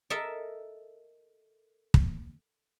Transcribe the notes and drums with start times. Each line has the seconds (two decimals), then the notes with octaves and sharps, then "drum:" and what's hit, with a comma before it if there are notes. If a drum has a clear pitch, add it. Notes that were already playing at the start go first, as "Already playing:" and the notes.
0.10 A4 A#4 D#5 E5 A5
1.94 drum: kick